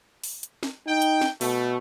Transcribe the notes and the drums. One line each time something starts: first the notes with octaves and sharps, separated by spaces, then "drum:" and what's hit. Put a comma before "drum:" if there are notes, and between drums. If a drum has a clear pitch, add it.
drum: open hi-hat
drum: hi-hat
drum: snare
D#4 G5
drum: hi-hat
drum: snare
B2 A3, drum: open hi-hat